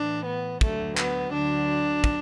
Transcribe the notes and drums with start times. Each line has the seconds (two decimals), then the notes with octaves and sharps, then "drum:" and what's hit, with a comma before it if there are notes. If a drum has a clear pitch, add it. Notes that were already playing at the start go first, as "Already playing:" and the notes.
Already playing: A2 E3 D4
0.26 B3
0.61 D2 D3 F#3 A3, drum: kick
0.97 B3, drum: clap
1.33 D2 D3 F#3 D4
2.04 drum: kick